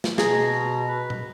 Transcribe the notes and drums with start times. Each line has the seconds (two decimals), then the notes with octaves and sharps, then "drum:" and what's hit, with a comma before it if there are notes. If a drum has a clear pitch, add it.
0.04 drum: snare
0.18 B2 G#4 A#5, drum: snare
0.88 B4
1.10 drum: tom A#2